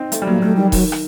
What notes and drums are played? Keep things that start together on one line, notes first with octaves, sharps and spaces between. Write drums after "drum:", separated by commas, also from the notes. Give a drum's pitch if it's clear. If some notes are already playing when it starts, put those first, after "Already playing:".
Already playing: C4 D#4
A3, drum: hi-hat
G3
F#3 A#3
F#3 A3
D#3 G3
D#3 F#3, drum: kick E1, open hi-hat
drum: rim click